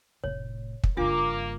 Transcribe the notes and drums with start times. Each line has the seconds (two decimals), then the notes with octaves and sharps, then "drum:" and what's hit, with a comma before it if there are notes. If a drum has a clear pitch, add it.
0.24 F1 A2 C#5
0.84 drum: kick
0.97 F#1 G2 A#3 D4 F4 D6